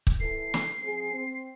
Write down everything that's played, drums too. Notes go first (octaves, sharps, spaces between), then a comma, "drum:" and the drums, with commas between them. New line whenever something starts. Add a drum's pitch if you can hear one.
drum: kick
E3 A4 C7
drum: snare
F3 C4 G#4
C4